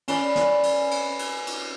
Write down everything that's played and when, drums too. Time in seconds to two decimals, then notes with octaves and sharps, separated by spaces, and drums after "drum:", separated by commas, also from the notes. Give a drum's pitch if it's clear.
0.08 C#4 B4 D5, drum: cymbal
0.36 drum: snare
0.63 drum: cymbal
0.91 drum: cymbal
1.19 drum: cymbal
1.47 drum: cymbal